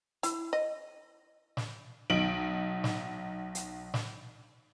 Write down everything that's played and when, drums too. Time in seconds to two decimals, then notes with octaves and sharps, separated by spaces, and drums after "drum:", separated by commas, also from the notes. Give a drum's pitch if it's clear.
0.23 E4, drum: hi-hat
0.53 D#5
1.57 drum: snare
2.10 B1 D#4 D7 F#7
2.84 drum: snare
3.55 drum: hi-hat
3.94 drum: snare